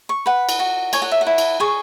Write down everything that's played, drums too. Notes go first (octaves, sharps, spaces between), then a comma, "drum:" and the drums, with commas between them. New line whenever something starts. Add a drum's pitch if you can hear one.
C#6
B4 F#5
drum: cymbal
F#4
C#5 G#5, drum: cymbal
F#5
E5
F#5
E4
drum: cymbal
G#4 C#6